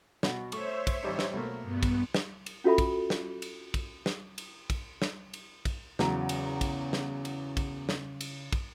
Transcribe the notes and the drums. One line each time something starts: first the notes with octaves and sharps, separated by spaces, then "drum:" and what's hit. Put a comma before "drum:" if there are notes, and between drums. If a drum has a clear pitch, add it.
B2 F#4, drum: snare
A3 C5 C#5 E5 C#6, drum: cymbal
drum: kick, cymbal
A1 G3 D#4
drum: snare
B1 A3 A#3
G2 B3
drum: kick, cymbal
drum: snare
drum: cymbal
C#4 F4 F#4 A4 E5 B5
drum: kick, cymbal
drum: snare
drum: cymbal
drum: kick, cymbal
drum: snare
drum: cymbal
drum: kick, cymbal
drum: snare
drum: cymbal
drum: kick, cymbal
E2 C#3 F#3 A#5, drum: snare
drum: cymbal
drum: kick, cymbal
drum: snare
drum: cymbal
drum: kick, cymbal
drum: snare
drum: cymbal
drum: kick, cymbal